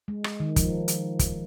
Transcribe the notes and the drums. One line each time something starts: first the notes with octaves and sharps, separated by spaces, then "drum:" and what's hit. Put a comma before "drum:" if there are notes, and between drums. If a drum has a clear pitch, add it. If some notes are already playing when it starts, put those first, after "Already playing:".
G#3
drum: rim click
D#3
F3, drum: kick, hi-hat
drum: hi-hat
drum: kick, hi-hat